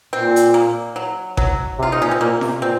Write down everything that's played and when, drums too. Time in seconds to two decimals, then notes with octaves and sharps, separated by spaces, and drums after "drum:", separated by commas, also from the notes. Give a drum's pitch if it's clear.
0.13 A#2 C4
0.36 drum: hi-hat
0.54 A#3
0.96 F#3
1.37 F#3, drum: kick G#1
1.79 C3
1.83 F4
1.92 D#4
2.00 A#2 C#4
2.11 C4
2.20 A#2 A#3
2.41 C3, drum: snare F4
2.62 A#2 C4